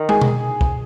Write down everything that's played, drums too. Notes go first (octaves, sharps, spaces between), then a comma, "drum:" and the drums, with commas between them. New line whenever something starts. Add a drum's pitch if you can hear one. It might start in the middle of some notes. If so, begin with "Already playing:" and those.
Already playing: D#3
G#4, drum: tom
drum: tom B2
drum: kick